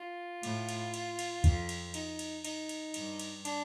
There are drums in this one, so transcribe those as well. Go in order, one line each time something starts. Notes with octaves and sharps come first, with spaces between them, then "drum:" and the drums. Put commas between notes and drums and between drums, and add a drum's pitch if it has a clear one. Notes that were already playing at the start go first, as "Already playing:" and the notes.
Already playing: F4
A2, drum: cymbal
drum: cymbal
drum: cymbal
drum: cymbal
F2, drum: kick, cymbal
drum: cymbal
D#4, drum: cymbal
drum: cymbal
D#4, drum: cymbal
drum: cymbal
G2, drum: cymbal
drum: cymbal
D4, drum: cymbal